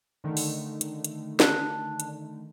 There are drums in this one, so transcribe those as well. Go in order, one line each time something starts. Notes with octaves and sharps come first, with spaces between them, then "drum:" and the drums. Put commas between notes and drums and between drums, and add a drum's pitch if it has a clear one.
D3 D#3 A3
drum: open hi-hat
drum: hi-hat
drum: hi-hat
D4, drum: snare
drum: hi-hat